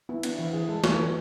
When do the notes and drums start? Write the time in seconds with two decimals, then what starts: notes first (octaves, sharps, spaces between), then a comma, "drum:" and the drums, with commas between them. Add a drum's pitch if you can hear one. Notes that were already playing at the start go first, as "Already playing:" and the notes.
0.09 B3 E4
0.23 B3 D4, drum: cymbal
0.38 E3 E4
0.53 E3 G#4
0.69 G#3 A4
0.84 E3 C#5, drum: snare
0.99 E3 B4